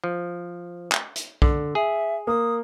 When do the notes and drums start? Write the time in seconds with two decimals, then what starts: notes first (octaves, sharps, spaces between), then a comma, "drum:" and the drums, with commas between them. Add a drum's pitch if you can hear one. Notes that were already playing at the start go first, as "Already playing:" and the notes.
0.04 F3
0.92 drum: clap
1.16 drum: hi-hat
1.42 D3, drum: kick B1
1.75 G#4 E5
2.27 A#3 D#6